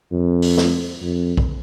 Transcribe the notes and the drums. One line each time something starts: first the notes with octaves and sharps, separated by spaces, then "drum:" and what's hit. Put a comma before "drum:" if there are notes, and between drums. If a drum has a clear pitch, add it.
F2
drum: open hi-hat
drum: snare
F2
drum: kick A#1